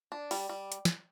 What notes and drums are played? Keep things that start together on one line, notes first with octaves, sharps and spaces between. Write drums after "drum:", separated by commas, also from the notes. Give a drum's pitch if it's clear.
D4
G3, drum: open hi-hat
G3
drum: hi-hat
drum: snare